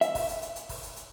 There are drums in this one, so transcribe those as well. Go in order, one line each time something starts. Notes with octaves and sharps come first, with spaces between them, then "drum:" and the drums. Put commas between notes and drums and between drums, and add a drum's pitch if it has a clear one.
E5, drum: hi-hat
drum: kick, open hi-hat
drum: hi-hat
drum: hi-hat
drum: hi-hat
drum: kick, open hi-hat
drum: hi-hat
drum: hi-hat